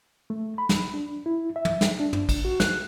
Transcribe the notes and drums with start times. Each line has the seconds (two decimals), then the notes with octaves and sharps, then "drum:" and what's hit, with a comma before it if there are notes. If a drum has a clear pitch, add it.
0.30 A3
0.58 B5
0.69 drum: snare
0.94 D4
1.26 E4
1.56 E5
1.65 drum: tom
1.81 drum: snare
2.00 D4
2.13 drum: tom
2.29 drum: kick, cymbal
2.45 F#4
2.60 F#6, drum: snare